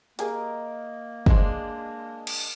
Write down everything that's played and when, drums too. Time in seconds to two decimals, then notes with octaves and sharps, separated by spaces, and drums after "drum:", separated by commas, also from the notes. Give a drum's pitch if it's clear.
0.19 A#3 G4 G#4 A#4 D#5, drum: hi-hat
1.26 G#3 D4 D#4 C5, drum: kick
2.27 drum: cymbal